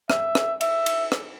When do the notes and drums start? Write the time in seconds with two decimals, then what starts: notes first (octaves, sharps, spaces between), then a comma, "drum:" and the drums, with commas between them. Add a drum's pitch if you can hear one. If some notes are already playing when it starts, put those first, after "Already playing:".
0.10 E5, drum: rim click
0.35 drum: rim click
0.61 E5, drum: cymbal
0.86 drum: cymbal
1.12 drum: rim click